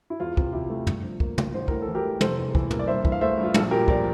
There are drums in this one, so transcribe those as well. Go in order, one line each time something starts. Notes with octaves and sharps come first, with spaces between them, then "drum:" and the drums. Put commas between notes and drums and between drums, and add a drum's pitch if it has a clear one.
E4
E2 F4
C3, drum: kick
E3 E4 G4
A3
G2, drum: tom
F3
A#3, drum: kick
G2, drum: tom
A1 C5
A2 A#4, drum: kick
A4
E3
G4 A#4
A3
F1 A4 C5, drum: tom
E2
E3, drum: kick
A#3, drum: tom
D5
G2 C5 E5
E3, drum: kick
F5
A3 C5 E5
G2
F4
A#1 F4 A4, drum: tom
A#2 G4 A#4
F3 A#4 D5, drum: kick